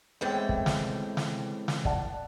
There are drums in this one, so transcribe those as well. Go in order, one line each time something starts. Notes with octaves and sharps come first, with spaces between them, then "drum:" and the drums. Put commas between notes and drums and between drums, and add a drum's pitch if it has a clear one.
A2 E3 G#3 B3 C4 G5
drum: kick
drum: snare
drum: snare
drum: snare
D5 F#5 A5, drum: kick